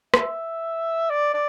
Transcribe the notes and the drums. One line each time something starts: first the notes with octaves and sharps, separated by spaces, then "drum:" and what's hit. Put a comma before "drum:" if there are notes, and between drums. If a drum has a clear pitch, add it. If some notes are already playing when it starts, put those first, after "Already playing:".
E5, drum: rim click
D5
D5